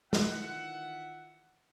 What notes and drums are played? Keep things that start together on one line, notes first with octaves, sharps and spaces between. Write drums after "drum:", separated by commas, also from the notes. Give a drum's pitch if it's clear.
D#3 E3 F4 E5 F#5, drum: snare